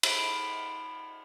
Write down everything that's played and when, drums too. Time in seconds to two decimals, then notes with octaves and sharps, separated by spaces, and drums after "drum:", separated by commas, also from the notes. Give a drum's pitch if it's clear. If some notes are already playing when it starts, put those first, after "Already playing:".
0.03 B5 D7, drum: cymbal